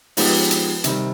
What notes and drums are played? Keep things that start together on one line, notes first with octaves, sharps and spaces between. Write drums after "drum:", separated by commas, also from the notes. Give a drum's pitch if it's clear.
F3 G#3 B3 D#4 G4, drum: open hi-hat
drum: hi-hat
C3 D#3 G3, drum: hi-hat